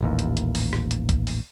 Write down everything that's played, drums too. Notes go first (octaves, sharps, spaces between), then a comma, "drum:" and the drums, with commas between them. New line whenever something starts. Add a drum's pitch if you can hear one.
D#1 A1 D#2
drum: hi-hat
drum: hi-hat
drum: open hi-hat
drum: rim click
drum: hi-hat
drum: kick, hi-hat
drum: open hi-hat